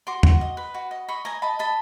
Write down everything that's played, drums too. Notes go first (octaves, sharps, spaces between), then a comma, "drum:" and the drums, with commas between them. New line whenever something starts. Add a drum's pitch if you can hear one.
F#4 C6 D6
F#4, drum: tom
D#5
B4
F#4
D#5
D#5 B5 C#6
D#5 G#5 A#5
D#5 A5 B5
D#5 A5 B5